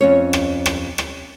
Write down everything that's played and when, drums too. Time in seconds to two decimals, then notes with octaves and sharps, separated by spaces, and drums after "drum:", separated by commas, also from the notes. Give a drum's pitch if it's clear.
0.01 F2 C#4 C#5
0.33 drum: rim click
0.66 drum: rim click
0.98 drum: rim click